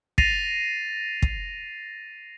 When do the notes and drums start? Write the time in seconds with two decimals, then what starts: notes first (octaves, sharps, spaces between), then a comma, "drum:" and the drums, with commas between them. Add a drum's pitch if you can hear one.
0.18 A6 A#6 C7 D#7 F7, drum: kick
1.22 drum: kick